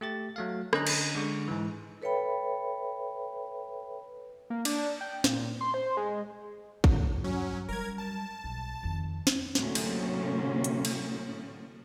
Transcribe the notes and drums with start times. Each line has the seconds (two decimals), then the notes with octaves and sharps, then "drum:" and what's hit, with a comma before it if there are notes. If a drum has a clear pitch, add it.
0.01 A3 G4 A6
0.36 F#3 A3 F5
0.73 D3 C#4 D#5 A#5 F#6, drum: rim click
0.87 drum: cymbal
1.15 D3 G#3 C#6
1.48 G#2 E3
2.02 A4 B4 C#5 E5 G5 B5
4.50 A#3
4.65 D4, drum: cymbal
5.01 G5
5.24 A#2, drum: snare
5.61 C6
5.74 C5
5.97 G#3
6.84 G2, drum: kick A1
7.24 F#3 C#4
7.69 F#3 G3 A#4 G#6
7.98 A5
8.44 B1
8.83 F2 D#3
9.27 drum: snare
9.55 D2 A2 C3 F#3 A#3 C#4, drum: snare
9.75 drum: cymbal
10.64 drum: hi-hat
10.85 drum: cymbal